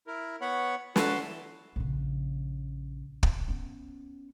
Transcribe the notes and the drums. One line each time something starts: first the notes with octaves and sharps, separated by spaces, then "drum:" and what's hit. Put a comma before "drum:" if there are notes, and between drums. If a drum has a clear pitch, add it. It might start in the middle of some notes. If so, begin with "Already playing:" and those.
E4 A#4
B3 C#5 F#5 B5
F#4 B4 A5 C6, drum: snare
E3
A#1 C#3
drum: kick
B3 C#4